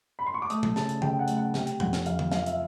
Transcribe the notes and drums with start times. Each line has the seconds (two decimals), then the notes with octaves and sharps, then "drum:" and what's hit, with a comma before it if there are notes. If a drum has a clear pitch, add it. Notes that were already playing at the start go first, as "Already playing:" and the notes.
0.19 B5
0.26 C6
0.34 C#6
0.42 D6
0.50 A3 D#6, drum: hi-hat
0.63 drum: tom A#2
0.76 C#3 A5, drum: snare
0.89 drum: hi-hat
1.02 C#3 G5, drum: tom
1.19 F#5
1.28 A3, drum: hi-hat
1.37 F#5
1.54 C3 G5, drum: snare
1.67 drum: hi-hat
1.80 F2 F#5, drum: tom A#2
1.93 drum: snare
2.06 F2 F5, drum: hi-hat
2.19 drum: tom
2.32 F3 F5, drum: snare
2.46 E5, drum: hi-hat